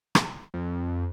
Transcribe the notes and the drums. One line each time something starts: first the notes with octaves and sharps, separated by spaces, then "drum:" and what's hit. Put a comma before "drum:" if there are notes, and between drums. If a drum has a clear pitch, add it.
drum: rim click
F2